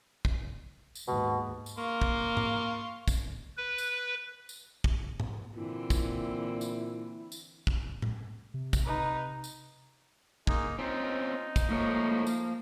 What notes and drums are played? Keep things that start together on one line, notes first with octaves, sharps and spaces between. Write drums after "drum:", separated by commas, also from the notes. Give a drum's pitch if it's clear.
drum: kick
drum: tambourine
D#2 G#2 B2
drum: tambourine
A#3 F5 C6 C#6
drum: kick
drum: tom G#2
drum: kick, tambourine
B4
drum: tambourine
drum: tambourine
drum: kick
drum: tom G#2
A#2 D3 E3 C4 E4
drum: kick, tambourine
drum: tambourine
drum: tambourine
drum: kick
drum: tom A2
C3
drum: kick, tambourine
D#4 B4
drum: tambourine
G#3 A#3 D#4, drum: kick
C4 C#4 D#4 F4
drum: kick, tambourine
G#2 F3 A3 A#3 C#5
drum: tambourine